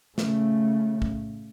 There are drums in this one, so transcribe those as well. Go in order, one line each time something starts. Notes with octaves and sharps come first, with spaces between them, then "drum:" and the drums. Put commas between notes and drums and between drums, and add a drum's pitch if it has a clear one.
C#3 A3, drum: snare
drum: kick